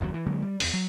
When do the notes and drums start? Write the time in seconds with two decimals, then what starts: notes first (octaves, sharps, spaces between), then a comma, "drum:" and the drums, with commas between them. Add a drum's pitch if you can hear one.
0.01 F#1 D#2 A#2 F#3
0.14 E3
0.27 D3 F#3 G#3 A#3
0.42 G3
0.60 D#1 E2, drum: open hi-hat
0.74 F#3